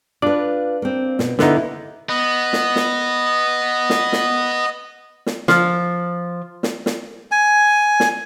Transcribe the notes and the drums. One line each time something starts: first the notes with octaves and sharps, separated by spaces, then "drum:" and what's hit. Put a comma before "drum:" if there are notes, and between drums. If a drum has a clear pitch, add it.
D4 F4 B4 D5
A#3 C4
B2, drum: snare
D3 A#3 B3 D#4 E4, drum: snare
B3 D#5
drum: snare
drum: snare
drum: snare
drum: snare
drum: snare
F3, drum: snare
drum: snare
drum: snare
G#5
drum: snare